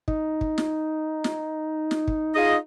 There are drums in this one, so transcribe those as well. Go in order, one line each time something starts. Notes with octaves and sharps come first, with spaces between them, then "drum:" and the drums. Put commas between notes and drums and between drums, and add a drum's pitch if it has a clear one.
D#4, drum: kick
drum: kick
drum: snare
drum: snare
drum: snare
drum: kick
F4 G#4 D#5